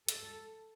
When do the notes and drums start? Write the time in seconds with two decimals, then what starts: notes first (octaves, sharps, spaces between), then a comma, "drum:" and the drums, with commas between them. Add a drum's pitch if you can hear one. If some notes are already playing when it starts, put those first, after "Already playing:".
0.09 A4, drum: hi-hat